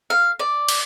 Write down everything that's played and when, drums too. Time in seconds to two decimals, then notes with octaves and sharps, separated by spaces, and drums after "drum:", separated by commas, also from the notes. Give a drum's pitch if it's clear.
0.10 F5
0.40 D5
0.69 drum: cymbal